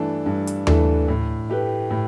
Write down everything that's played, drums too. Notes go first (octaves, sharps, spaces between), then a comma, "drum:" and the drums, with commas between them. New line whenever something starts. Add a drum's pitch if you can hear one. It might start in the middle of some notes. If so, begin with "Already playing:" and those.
Already playing: G2 E3 A3 D4 A4
G2
drum: hi-hat
E3 A3 D4 A4, drum: tom D#2
A2
A3 G4 B4
A2